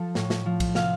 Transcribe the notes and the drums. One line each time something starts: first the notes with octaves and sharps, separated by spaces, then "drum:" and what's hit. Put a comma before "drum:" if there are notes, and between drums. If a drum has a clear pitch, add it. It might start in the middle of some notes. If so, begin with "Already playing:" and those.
Already playing: F3 A4
A2, drum: snare
drum: snare
F3
drum: kick B1, cymbal
C3 F5, drum: snare